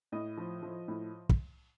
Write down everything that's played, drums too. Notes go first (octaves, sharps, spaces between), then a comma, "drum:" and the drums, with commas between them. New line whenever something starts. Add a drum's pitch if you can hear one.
A2 D#5
F3
F3
A2
drum: kick